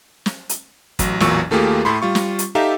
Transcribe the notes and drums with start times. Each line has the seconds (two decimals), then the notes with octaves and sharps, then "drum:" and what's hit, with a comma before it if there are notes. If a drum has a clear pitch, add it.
0.26 drum: snare
0.49 drum: hi-hat
0.99 A1 F#3, drum: kick, hi-hat
1.20 A1 E2 A#2 F#3 C#6 E6, drum: snare
1.51 D#2 A3 A#3 F4 G4 G#4
1.85 A2 A3 B5 C6
2.02 G3 F4 C#6
2.15 drum: snare
2.39 drum: hi-hat
2.55 D#4 G4 A4 E5 F5 A#5